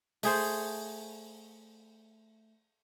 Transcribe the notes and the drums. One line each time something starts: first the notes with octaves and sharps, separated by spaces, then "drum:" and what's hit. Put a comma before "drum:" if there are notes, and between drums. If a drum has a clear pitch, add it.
A3 G#4 C5, drum: open hi-hat